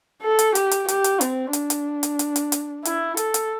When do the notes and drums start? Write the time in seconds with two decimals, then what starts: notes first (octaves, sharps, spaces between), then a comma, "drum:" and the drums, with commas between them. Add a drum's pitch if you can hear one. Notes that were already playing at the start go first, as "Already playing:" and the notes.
0.22 A4
0.39 drum: hi-hat
0.55 G4, drum: hi-hat
0.71 drum: hi-hat
0.88 G4, drum: hi-hat
1.04 drum: hi-hat
1.21 C4, drum: hi-hat
1.53 D4, drum: hi-hat
1.70 drum: hi-hat
2.03 drum: hi-hat
2.19 drum: hi-hat
2.36 drum: hi-hat
2.52 drum: hi-hat
2.85 E4, drum: hi-hat
3.17 A4, drum: hi-hat
3.34 drum: hi-hat